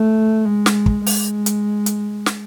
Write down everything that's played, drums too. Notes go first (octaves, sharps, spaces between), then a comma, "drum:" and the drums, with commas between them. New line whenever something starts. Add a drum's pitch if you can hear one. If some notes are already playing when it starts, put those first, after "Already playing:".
Already playing: A3
G#3
drum: snare
drum: kick
G#3, drum: open hi-hat
drum: hi-hat
drum: hi-hat
drum: snare